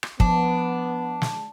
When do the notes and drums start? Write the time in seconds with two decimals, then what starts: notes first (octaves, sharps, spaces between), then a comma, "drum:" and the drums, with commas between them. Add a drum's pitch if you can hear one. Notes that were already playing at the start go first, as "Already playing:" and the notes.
0.03 drum: rim click
0.20 F3 B3 D4, drum: kick
1.22 drum: snare